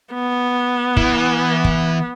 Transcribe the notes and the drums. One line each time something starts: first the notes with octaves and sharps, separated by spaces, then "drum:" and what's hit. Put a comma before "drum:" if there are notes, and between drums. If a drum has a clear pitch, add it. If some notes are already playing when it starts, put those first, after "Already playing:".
B3
E3, drum: kick
drum: kick